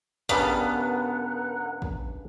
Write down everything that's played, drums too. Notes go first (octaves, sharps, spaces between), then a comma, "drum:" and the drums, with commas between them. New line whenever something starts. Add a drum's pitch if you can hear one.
G2 C#3 G3 B3 A#4 F#5, drum: kick
drum: kick